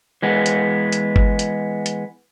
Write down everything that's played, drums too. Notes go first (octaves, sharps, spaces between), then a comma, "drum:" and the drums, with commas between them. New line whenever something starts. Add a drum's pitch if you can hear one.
E3 G#3 B3
drum: hi-hat
drum: hi-hat
drum: kick G1
drum: hi-hat
drum: hi-hat